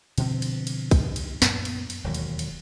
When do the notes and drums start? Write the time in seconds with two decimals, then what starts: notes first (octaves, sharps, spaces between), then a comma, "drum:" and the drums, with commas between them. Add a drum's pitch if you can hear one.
0.18 B2 D3 F3 C4, drum: cymbal
0.42 drum: cymbal
0.67 drum: cymbal
0.91 drum: kick, cymbal
1.16 drum: cymbal
1.42 F#2 A#2 B3, drum: snare
1.65 drum: cymbal
1.90 drum: cymbal
2.04 E1 D#2 F#3
2.14 drum: cymbal
2.39 drum: cymbal